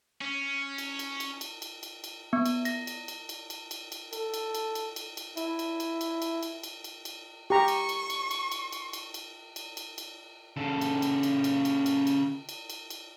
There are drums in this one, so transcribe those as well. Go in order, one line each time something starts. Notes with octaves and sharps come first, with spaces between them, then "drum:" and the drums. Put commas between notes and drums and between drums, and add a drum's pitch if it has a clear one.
C#4
drum: cymbal
drum: cymbal
drum: cymbal
drum: cymbal
drum: cymbal
drum: cymbal
drum: cymbal
B3
drum: cymbal
A#6, drum: cymbal
drum: cymbal
drum: cymbal
drum: cymbal
drum: cymbal
drum: cymbal
drum: cymbal
A4, drum: cymbal
drum: cymbal
drum: cymbal
drum: cymbal
drum: cymbal
drum: cymbal
E4, drum: cymbal
drum: cymbal
drum: cymbal
drum: cymbal
drum: cymbal
drum: cymbal
drum: cymbal
drum: cymbal
drum: cymbal
G4 A#5 C#6
drum: cymbal
drum: cymbal
drum: cymbal
drum: cymbal
drum: cymbal
drum: cymbal
drum: cymbal
drum: cymbal
drum: cymbal
drum: cymbal
drum: cymbal
C#3 A4
drum: cymbal
drum: cymbal
drum: cymbal
drum: cymbal
drum: cymbal
drum: cymbal
drum: cymbal
drum: cymbal
drum: cymbal
drum: cymbal